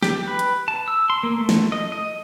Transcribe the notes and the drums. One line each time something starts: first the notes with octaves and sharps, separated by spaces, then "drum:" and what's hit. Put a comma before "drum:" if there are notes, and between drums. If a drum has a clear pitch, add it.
G4, drum: snare
B4
drum: hi-hat
A5
E6
C6
A#3
A3
drum: snare
D#5
D#5